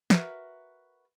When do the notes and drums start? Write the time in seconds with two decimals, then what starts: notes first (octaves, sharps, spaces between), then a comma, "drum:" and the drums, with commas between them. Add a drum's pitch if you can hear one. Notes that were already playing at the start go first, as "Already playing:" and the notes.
0.10 F#4 A#4 B4 E5, drum: snare